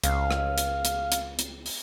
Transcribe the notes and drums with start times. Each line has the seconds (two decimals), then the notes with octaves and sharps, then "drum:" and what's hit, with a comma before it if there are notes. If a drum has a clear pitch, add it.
0.04 C#2 F5, drum: hi-hat
0.31 drum: rim click
0.58 drum: hi-hat
0.85 drum: hi-hat
1.12 drum: hi-hat
1.39 drum: hi-hat
1.66 drum: open hi-hat